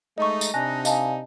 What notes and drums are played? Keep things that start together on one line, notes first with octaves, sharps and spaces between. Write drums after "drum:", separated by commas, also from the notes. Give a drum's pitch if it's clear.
G#3 A3 D#4 D#5 C#6
drum: tambourine
C3 D4 D#4 G#5 A5 F#6 A#6
D#5 F5 G#5 A5, drum: tambourine